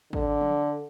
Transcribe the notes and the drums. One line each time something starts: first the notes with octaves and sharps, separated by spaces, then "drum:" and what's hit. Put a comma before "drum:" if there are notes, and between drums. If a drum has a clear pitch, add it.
D3, drum: kick G#1
drum: tom